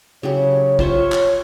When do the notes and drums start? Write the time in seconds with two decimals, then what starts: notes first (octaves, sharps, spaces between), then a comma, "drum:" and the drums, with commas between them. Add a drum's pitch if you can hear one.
0.23 C#3 F#3 G4 C#5
0.79 F4 C5 C#5 E5, drum: kick
1.12 drum: clap